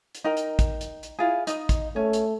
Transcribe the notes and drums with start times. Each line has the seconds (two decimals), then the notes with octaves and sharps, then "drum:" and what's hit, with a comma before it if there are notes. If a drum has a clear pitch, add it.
0.15 drum: hi-hat
0.24 D#4 A#4 G5
0.37 drum: hi-hat
0.59 drum: kick, hi-hat
0.81 drum: hi-hat
1.03 drum: hi-hat
1.19 E4 F4 G#4
1.47 D#4 D#5, drum: hi-hat
1.69 drum: kick, hi-hat
1.96 A3 C#4
2.13 drum: hi-hat